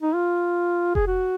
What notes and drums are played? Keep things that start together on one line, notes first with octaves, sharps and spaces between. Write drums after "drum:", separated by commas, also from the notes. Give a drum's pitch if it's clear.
D#4
F4
G#4, drum: kick F1
F#4